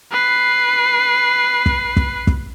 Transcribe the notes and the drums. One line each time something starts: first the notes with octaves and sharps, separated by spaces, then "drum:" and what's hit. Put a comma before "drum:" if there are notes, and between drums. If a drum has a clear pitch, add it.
B4 C7
drum: kick
drum: kick
drum: kick